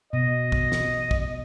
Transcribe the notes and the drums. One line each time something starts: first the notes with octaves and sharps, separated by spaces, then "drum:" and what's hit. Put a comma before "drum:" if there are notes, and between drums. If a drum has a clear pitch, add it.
B2 D#5
drum: kick
drum: snare
drum: kick